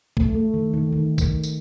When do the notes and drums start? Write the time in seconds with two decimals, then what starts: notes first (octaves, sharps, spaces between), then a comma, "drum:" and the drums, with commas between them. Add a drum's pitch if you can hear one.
0.17 A3, drum: kick A#1
0.35 A3
0.54 D#3
0.74 D#3
0.92 D#3
1.18 drum: kick A#1, tambourine
1.44 drum: tambourine